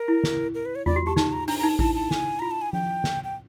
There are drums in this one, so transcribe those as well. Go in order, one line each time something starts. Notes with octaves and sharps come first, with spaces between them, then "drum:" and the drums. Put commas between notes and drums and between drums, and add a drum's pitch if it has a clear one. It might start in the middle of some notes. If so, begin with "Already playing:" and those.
Already playing: A#4
E4
drum: snare
A#4
B4
C#5
F4 D5, drum: tom E2
F#4
G4 A5
D#4 A5, drum: snare
A#5
D4 A#5, drum: open hi-hat
A#5
D#4
A5
E4 A5, drum: kick A1
A5
G#5, drum: snare
F4 A#5
A5
G#5
G5, drum: tom F3
drum: snare
G5